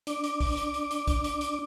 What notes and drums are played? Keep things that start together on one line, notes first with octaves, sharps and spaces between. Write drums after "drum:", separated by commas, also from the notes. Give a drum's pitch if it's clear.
D4 D6, drum: hi-hat
drum: hi-hat
drum: kick, open hi-hat
drum: hi-hat
drum: hi-hat
drum: hi-hat
drum: kick, hi-hat
drum: hi-hat
drum: hi-hat